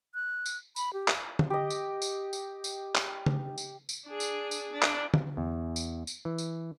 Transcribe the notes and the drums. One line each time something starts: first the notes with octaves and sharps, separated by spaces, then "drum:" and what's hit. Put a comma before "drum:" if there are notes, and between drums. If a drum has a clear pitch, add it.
F#6
drum: tambourine
B5, drum: tambourine
G4
drum: clap
drum: tom D3
G4 D#5
drum: tambourine
drum: tambourine
drum: tambourine
drum: tambourine
drum: clap
drum: tom C#3
drum: tambourine
drum: tambourine
D4 G#4
drum: tambourine
drum: tambourine
D4
drum: clap
drum: tom D3
E2
drum: tambourine
drum: tambourine
E3
drum: tambourine